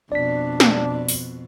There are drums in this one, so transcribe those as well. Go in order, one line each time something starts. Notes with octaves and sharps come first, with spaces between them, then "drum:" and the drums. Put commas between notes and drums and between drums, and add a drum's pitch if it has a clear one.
F2 B2 D4 D5 B6
drum: snare
drum: open hi-hat